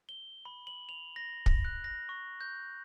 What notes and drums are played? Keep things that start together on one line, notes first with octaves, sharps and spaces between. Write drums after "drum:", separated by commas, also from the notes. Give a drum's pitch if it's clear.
G7
B5
F#7
F7
A#6
A#6, drum: kick
F#6
A#6
C#6
G6